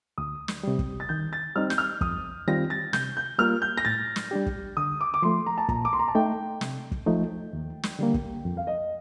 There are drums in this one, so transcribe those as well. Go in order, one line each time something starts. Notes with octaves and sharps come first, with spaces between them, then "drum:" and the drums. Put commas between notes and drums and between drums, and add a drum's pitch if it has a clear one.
D2 D#6
drum: snare
C3 G3
drum: kick
A6
D#3 G6
A6
G3 C4 D#4 F6
G6, drum: snare
F6
F2 D#6, drum: kick
D#3 G3 C4 F4 A#6
A6
C3 G6, drum: snare
G6
G3 A#3 F4 A#4 F6
G6
A#6
A2 A6
drum: snare
G3 D4 G4
drum: kick
D3 D#6
D6
D6
F3 A3 C6
A#5
A5
A#2 A#5, drum: kick
D6
C6
A#5
A5
A3 D#4 G5
C3, drum: snare
drum: kick
F3 A3 D#4
D#2
drum: snare
D3 G3 A#3
drum: kick
F2
F5
D#5